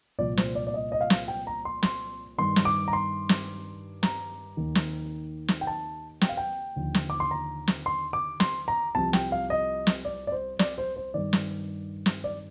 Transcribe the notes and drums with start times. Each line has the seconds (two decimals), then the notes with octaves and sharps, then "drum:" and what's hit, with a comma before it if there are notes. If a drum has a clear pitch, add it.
0.19 C2 A#2 F3 D5
0.37 C5, drum: snare
0.55 D5
0.67 D5
0.74 D#5
0.92 D#5
1.01 F5
1.10 drum: snare
1.28 G5
1.47 A#5
1.65 C6
1.83 C6, drum: snare
2.38 G2 D#3 C6
2.56 drum: snare
2.65 D6
2.88 A#5
2.93 C6
3.29 drum: snare
4.03 A#5, drum: snare
4.57 D#2 D#3
4.75 drum: snare
5.48 drum: snare
5.61 G5
5.67 A5
6.21 G5, drum: snare
6.29 F5
6.37 G5
6.76 D#2 D3 F3
6.94 drum: snare
7.10 D6
7.20 C6
7.31 A#5
7.68 drum: snare
7.86 C6
8.13 D6
8.40 C6, drum: snare
8.68 A#5
8.95 C2 C3 F3 A5
9.13 G5, drum: snare
9.32 F5
9.50 D#5
9.87 drum: snare
10.05 D5
10.27 D5
10.32 C5
10.59 D5, drum: snare
10.78 C5
10.96 C5
11.14 G2 D#3 D5
11.33 drum: snare
12.06 drum: snare
12.24 D5